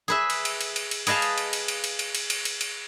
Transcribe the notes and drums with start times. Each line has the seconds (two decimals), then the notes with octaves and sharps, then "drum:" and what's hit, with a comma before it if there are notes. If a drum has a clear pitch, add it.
0.08 G#4 B4 E5
0.30 drum: cymbal
0.45 drum: cymbal
0.61 drum: cymbal
0.76 drum: cymbal
0.91 drum: cymbal
1.07 G#4 B4 D#5 F5 A5, drum: cymbal
1.22 drum: cymbal
1.38 drum: cymbal
1.53 drum: cymbal
1.68 drum: cymbal
1.84 drum: cymbal
1.99 drum: cymbal
2.15 drum: cymbal
2.30 drum: cymbal
2.45 drum: cymbal
2.61 drum: cymbal